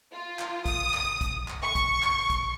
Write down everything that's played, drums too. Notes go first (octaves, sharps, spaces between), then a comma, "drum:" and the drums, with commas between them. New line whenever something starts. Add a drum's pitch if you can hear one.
F4
drum: clap
D#6, drum: kick, hi-hat
drum: clap
drum: kick, hi-hat
drum: clap
C#6
drum: kick, hi-hat
drum: clap
drum: kick, hi-hat